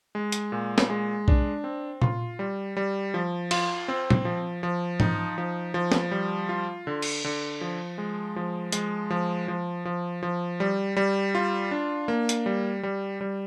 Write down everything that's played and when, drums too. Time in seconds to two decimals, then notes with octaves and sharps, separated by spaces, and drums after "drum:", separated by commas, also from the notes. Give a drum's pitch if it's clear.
0.15 G#3
0.32 drum: hi-hat
0.52 A#2
0.78 drum: snare
0.90 G#3
1.28 D4, drum: kick A#1
1.64 C4
2.02 F4, drum: tom A#2
2.39 G3
2.77 G3
3.14 F3
3.51 F4, drum: cymbal
3.88 C4
4.10 drum: tom
4.25 F3
4.63 F3
5.00 D#4, drum: tom G#2
5.38 F3
5.74 F3
5.92 drum: snare
6.11 G3
6.49 F4
6.87 D3
7.02 drum: cymbal
7.24 D3
7.61 F3
7.98 G#3
8.36 F3
8.72 G#3, drum: hi-hat
9.10 F3
9.48 F3
9.85 F3
10.23 F3
10.60 G3
10.97 G3
11.35 F4
11.71 D4
12.08 A#3
12.29 drum: hi-hat
12.46 G3
12.83 G3
13.21 G3